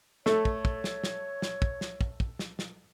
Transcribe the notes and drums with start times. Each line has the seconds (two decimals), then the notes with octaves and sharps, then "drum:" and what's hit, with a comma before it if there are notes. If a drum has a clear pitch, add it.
0.26 A3 A4 C#5, drum: snare
0.45 drum: kick
0.65 drum: kick
0.84 drum: snare
1.04 drum: snare
1.42 drum: snare
1.62 drum: kick
1.81 drum: snare
2.01 drum: kick
2.20 drum: kick
2.39 drum: snare
2.59 drum: snare